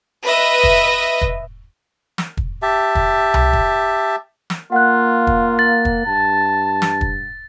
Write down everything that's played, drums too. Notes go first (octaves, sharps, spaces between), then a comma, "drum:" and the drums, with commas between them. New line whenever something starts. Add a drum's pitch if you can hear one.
B4 D#5 E5
drum: kick
drum: kick
drum: snare
drum: kick
G4 E5 A5
drum: kick
drum: tom C2
drum: kick
drum: snare
A#3 F4 F#5 F#6
drum: kick
A6
drum: kick
G2 A5
drum: snare
drum: kick